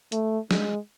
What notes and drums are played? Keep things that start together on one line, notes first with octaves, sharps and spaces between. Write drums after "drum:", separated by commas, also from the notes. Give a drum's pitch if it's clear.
A3, drum: hi-hat
G#3, drum: snare